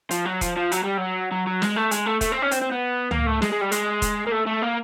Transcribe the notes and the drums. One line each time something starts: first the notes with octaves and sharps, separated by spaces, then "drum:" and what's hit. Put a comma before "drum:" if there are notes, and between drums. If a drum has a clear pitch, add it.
F3, drum: hi-hat
F#3
F3, drum: kick E1, hi-hat
F3
F#3, drum: hi-hat
G3
F#3
F#3
F#3
G#3, drum: snare
A3
G#3, drum: hi-hat
A3
A3, drum: kick E1, hi-hat
C4
C#4
C4, drum: hi-hat
C4
B3
A#3, drum: tom C#2
A3
G#3, drum: snare
G#3
G3
G#3, drum: hi-hat
drum: kick E1, hi-hat
A#3
A3
A3
A#3